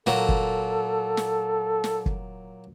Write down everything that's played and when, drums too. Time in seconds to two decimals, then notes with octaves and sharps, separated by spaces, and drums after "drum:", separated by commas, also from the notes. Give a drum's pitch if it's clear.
0.07 A#2 F#3 A4, drum: snare
0.29 drum: kick
1.17 drum: snare
1.84 drum: snare
2.06 drum: kick